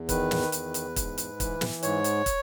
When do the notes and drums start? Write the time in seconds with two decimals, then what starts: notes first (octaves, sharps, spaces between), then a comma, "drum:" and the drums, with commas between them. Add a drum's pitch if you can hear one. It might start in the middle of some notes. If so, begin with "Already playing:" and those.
Already playing: E2
0.09 D#3 B4, drum: kick, hi-hat
0.31 drum: snare
0.52 E2, drum: hi-hat
0.74 drum: hi-hat
0.96 G#2, drum: kick, hi-hat
1.18 drum: hi-hat
1.40 E3, drum: kick, hi-hat
1.61 drum: snare
1.83 G#2 C#5, drum: hi-hat
2.04 drum: hi-hat
2.26 drum: kick, hi-hat